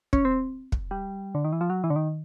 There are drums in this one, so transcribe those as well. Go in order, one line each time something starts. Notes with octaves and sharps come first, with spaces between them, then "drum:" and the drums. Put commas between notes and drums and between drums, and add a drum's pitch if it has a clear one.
C#4, drum: kick
C4
drum: kick
G3
D3
D#3
E3
F3
F#3
E3
D3
D#3